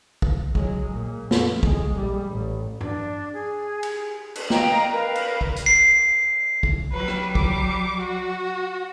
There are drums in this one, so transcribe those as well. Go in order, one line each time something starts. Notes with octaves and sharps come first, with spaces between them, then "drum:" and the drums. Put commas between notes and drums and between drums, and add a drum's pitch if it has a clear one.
drum: kick
F#3 G#3, drum: kick
A#2
F2, drum: snare
G#3, drum: kick
A#1 G3
A1
D4, drum: tom G2
G#4
drum: cymbal
drum: cymbal
D#5 F5 G5 A#5, drum: snare
A#4 B4 F5
drum: cymbal
drum: kick
drum: hi-hat
C7
drum: kick
F#3 G3 B4
drum: rim click
D6, drum: kick
F#4